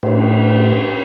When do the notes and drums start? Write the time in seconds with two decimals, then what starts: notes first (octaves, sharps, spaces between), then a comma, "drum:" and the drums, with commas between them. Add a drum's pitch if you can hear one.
0.03 A2, drum: cymbal